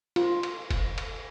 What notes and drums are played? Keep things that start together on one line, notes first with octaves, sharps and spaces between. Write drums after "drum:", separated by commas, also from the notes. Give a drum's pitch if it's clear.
F4, drum: cymbal
drum: cymbal
drum: kick F1, cymbal
drum: cymbal